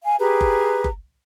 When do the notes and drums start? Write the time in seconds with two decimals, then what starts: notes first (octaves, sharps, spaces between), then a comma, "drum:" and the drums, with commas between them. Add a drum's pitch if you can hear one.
0.02 F5 G#5
0.19 G4 G#4 B4 A#5
0.41 drum: kick F#1
0.84 drum: kick F#1